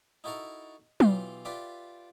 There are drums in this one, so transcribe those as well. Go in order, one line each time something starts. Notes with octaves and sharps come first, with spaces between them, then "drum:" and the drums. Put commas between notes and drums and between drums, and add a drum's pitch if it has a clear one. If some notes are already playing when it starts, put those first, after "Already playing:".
D#4 E4 F#4 A4 A#4 A#5
B1 E3 F4 G4 C6, drum: tom
F4 G4 B4 D5 E5